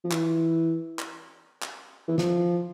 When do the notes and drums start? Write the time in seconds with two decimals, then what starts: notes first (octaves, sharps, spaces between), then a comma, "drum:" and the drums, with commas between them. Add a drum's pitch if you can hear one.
0.04 F3
0.11 E3, drum: clap
0.99 drum: clap
1.62 drum: clap
2.08 E3
2.18 F3, drum: snare